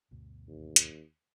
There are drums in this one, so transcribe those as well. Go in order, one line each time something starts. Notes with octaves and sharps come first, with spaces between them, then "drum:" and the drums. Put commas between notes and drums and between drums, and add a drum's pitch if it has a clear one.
D2 G2 B2
D#2
drum: hi-hat